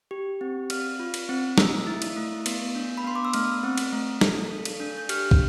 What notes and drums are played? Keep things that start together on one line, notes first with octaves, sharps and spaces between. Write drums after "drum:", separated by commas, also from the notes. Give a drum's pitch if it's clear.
G4
C4
C4 F6, drum: cymbal
F4
drum: cymbal
C4
A3 E6, drum: snare
E4
drum: cymbal
A3
B3, drum: cymbal
D4
B5
B3 C6
D6
E6
A3 F6, drum: cymbal
C4
drum: cymbal
A3
A4, drum: snare
A4
drum: cymbal
D4
G6
G4 F6, drum: cymbal
drum: kick